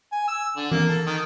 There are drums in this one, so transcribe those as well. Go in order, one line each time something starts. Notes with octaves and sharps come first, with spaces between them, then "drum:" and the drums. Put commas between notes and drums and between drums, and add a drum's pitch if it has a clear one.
G#5
E6
D3
A#3, drum: tom E3
A4
D#3